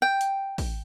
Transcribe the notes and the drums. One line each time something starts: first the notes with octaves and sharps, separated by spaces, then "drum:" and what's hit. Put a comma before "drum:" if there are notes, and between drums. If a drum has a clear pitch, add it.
G5
drum: hi-hat
drum: kick, open hi-hat